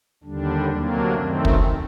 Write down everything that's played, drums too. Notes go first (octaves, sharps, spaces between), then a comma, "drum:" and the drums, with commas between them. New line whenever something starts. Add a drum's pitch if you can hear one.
D#2 D3 G3 D4
D2 C3 F#3 A#3 D4
F#2 D#3 A3 C4
drum: kick